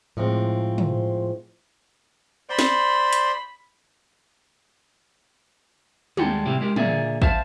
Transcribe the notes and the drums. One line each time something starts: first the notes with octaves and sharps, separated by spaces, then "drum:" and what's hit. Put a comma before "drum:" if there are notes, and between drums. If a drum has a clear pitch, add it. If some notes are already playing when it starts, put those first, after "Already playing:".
A2 F3 G#3 C4
drum: tom
C5 D5 B5 C6
drum: snare
drum: hi-hat
D#2 G3 G#3 A4 F#5 G5, drum: tom
A2 C3 G3 C4 E4 G4
G#3 G4 A#4
A#2 D3 A#3 G#4 D5 E5, drum: tom
C5 E5 F5 A5, drum: kick